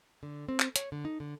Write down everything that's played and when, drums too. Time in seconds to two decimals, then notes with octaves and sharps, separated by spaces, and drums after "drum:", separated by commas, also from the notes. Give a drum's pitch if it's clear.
0.23 D3
0.48 C4
0.60 drum: clap
0.76 C#5, drum: hi-hat
0.92 D3
1.05 D#4
1.20 D3